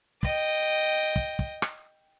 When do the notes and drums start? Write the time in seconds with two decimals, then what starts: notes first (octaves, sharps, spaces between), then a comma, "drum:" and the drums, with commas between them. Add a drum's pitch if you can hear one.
0.23 D#5 G5, drum: kick
1.16 drum: kick
1.39 drum: kick
1.62 drum: rim click